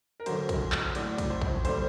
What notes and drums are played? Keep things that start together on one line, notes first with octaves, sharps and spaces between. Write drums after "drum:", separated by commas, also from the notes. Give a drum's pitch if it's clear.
A#4
D2 D3 F#3 C5, drum: cymbal
drum: kick, cymbal
drum: clap
A2 F#3 D5, drum: cymbal
drum: kick, cymbal
C5
drum: kick
D3 G3 C5, drum: cymbal